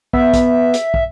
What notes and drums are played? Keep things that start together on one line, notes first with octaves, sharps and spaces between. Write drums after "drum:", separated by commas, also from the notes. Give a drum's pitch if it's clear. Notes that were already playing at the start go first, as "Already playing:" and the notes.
B3 E5, drum: kick
drum: kick, hi-hat
drum: hi-hat
drum: kick